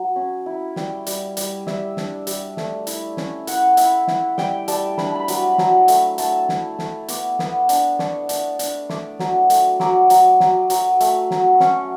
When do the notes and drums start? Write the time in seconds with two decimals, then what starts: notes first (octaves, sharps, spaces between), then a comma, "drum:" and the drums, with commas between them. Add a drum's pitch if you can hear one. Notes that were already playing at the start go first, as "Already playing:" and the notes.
Already playing: F#3
0.16 C#4
0.46 E4
0.76 G3 G5, drum: snare
1.06 G3, drum: hi-hat
1.37 G3, drum: hi-hat
1.67 G3 E5, drum: snare
1.97 D4, drum: snare
2.27 G3, drum: hi-hat
2.57 A3, drum: snare
2.87 E4, drum: hi-hat
3.17 C#4, drum: snare
3.47 E4 F#5, drum: hi-hat
3.77 E4, drum: hi-hat
4.07 E4, drum: snare
4.38 G3 G5, drum: snare
4.68 G3 A5, drum: hi-hat
4.98 D4 B5, drum: snare
5.06 A5
5.15 B5
5.28 F#3 B5, drum: hi-hat
5.58 F#3, drum: snare
5.88 A3, drum: hi-hat
6.18 A3 A5, drum: hi-hat
6.49 E4, drum: snare
6.79 A3, drum: snare
7.08 B3 D6, drum: hi-hat
7.39 B3, drum: snare
7.69 D4, drum: hi-hat
7.99 D4 C#6, drum: snare
8.29 D4, drum: hi-hat
8.59 D4, drum: hi-hat
8.89 A3 D6, drum: snare
9.19 F#3, drum: snare
9.50 A3, drum: hi-hat
9.80 F#3 D6, drum: snare
10.10 F#3, drum: hi-hat
10.40 F#3, drum: snare
10.70 F#3, drum: hi-hat
11.00 A3, drum: hi-hat
11.31 F#3, drum: snare
11.60 C#4 C#6, drum: snare